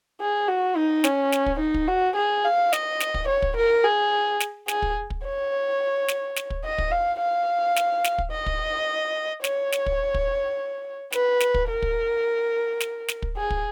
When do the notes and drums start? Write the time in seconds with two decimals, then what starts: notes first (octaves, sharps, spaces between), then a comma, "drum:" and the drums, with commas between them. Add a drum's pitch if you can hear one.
0.21 G#4
0.48 F#4
0.77 D#4
1.04 C#4, drum: snare
1.32 drum: snare
1.46 drum: kick
1.60 D#4
1.74 drum: kick
1.88 F#4
2.16 G#4
2.45 F5
2.73 D#5, drum: snare
3.00 drum: snare
3.14 drum: kick
3.28 C#5
3.42 drum: kick
3.56 A#4
3.84 G#4
4.40 drum: snare
4.68 G#4, drum: snare
4.82 drum: kick
5.10 drum: kick
5.24 C#5
6.08 drum: snare
6.36 drum: snare
6.50 drum: kick
6.64 D#5
6.78 drum: kick
6.92 F5
7.20 F5
7.76 drum: snare
8.04 drum: snare
8.18 drum: kick
8.32 D#5
8.46 drum: kick
9.44 C#5, drum: snare
9.72 drum: snare
9.86 drum: kick
10.14 drum: kick
11.12 B4, drum: snare
11.40 drum: snare
11.54 drum: kick
11.69 A#4
11.82 drum: kick
12.80 drum: snare
13.08 drum: snare
13.22 drum: kick
13.37 G#4
13.50 drum: kick